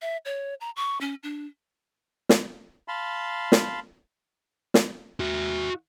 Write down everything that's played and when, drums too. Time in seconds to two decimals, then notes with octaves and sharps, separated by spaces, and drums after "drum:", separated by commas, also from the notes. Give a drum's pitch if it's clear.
0.02 E5
0.25 C#5
0.61 A#5
0.76 C#6
1.01 C#4
1.23 D4
2.29 drum: snare
2.88 F5 A5 B5 C6
3.52 drum: snare
4.74 drum: snare
5.20 F#4 E5